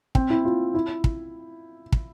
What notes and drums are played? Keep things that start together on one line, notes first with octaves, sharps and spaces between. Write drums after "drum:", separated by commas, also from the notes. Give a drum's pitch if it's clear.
C4, drum: kick
E4
F4
E4
drum: kick
drum: kick